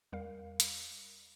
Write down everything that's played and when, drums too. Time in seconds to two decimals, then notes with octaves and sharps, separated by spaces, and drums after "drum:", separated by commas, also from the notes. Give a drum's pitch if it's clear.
0.12 E2 G3 A#4 F5
0.60 drum: hi-hat